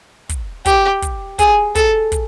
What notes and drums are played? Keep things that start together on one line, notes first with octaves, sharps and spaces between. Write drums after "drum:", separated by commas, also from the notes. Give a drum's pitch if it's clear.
drum: kick, hi-hat
G4, drum: kick, hi-hat
drum: kick, hi-hat
G#4, drum: kick, hi-hat
A4, drum: kick, hi-hat
drum: kick, hi-hat